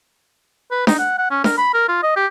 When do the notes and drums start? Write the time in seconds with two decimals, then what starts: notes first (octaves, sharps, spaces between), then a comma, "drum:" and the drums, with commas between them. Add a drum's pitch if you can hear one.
0.71 B4
0.87 D#4, drum: snare D4
0.98 F#5
1.18 F#5
1.30 C#4
1.44 A#4, drum: snare D4
1.58 B5
1.74 A#4
1.88 F4
2.03 D#5
2.16 G4